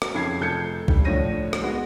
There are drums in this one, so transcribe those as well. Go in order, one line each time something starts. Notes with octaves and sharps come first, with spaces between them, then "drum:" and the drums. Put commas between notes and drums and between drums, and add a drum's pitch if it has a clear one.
drum: rim click
F2 C#3 G#6 C7
F1 F3 A4 G6 G#6 C#7
D3 G3, drum: kick
A2 D3 F3 C#5 A#6 D#7
drum: rim click
G#3 B3 F#4